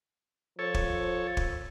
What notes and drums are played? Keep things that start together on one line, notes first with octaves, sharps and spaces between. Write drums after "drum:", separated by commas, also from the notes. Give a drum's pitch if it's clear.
F3 A4 C#5
drum: kick
drum: kick